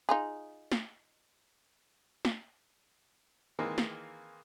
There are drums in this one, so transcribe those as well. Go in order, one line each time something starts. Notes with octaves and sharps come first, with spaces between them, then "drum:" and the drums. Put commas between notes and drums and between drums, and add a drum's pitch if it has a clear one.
D#4 F4 G#4
drum: snare
drum: snare
D#3 E3 G#3 A#3 C4
drum: snare